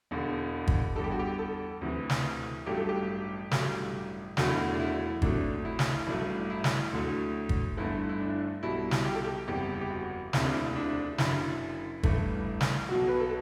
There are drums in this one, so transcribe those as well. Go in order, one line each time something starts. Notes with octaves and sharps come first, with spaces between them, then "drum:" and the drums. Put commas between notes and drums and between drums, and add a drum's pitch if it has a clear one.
E1 E2 D3
drum: kick
E2 D3 G3 A4
G4
F#4
G4
A4
D2 C3 E3
drum: snare
A1 G2 F#3 A3 G4
A4
G4
A1 G2 F#3 A3, drum: snare
E1 E2 D3 F#3 A3 F#4, drum: snare
E4
F#4
D4
E4
D2 C3 F#3 A3 D4, drum: kick
E4
drum: snare
A1 G2 F#3 A3 E4
E4
drum: snare
D2 D3 F#3 A3
drum: kick
G1 G2 D3 A3 E4
E4
D4
B1 B2 G3 E4
drum: snare
G4
A4
G4
F#1 E2 C3 G3 G4
G4
F#4
E1 D2 C3 E4, drum: snare
D4
E4
D4
F#1 F#2 D3 E4, drum: snare
A1 G2 E3 A3, drum: kick
drum: snare
B1 B2 F#3 F#4
B4
A4